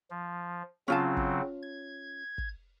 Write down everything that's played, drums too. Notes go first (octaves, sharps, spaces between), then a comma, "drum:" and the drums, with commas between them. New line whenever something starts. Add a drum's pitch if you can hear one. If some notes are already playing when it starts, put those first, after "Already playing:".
F3
C#3 F#3 C4 C#4 F4 A5
drum: kick
G#6
drum: kick